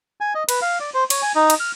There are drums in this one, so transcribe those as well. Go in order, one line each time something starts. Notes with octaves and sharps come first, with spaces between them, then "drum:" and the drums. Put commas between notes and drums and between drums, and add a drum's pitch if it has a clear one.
G#5
D#5
B4, drum: cymbal
F5
D5
C5
C#5, drum: cymbal
G#5
D#4
drum: cymbal
F6